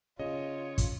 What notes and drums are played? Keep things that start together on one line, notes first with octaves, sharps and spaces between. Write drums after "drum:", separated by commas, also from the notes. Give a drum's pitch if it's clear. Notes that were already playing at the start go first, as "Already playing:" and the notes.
C#3 F4 C#5 D#5
drum: kick, hi-hat